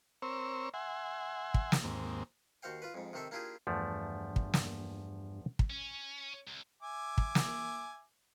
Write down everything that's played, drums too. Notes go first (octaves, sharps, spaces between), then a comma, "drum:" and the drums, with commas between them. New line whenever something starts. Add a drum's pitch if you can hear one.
C4 A#4 C5 C#5 C#6 E6
E5 F#5 G#5 C6
drum: kick
drum: snare
D#2 G#2 A#3 C4
D#2 F#4 C5 F5 G5
F4 B4
F2 G#2
C3 D#3 C4 A4 E5
A#3 D4 E4 F4 G4 G#4
E2 G2 F3 A3
drum: kick
drum: snare
drum: kick
C#4
C#2
E5 G#5 D6
drum: kick
drum: snare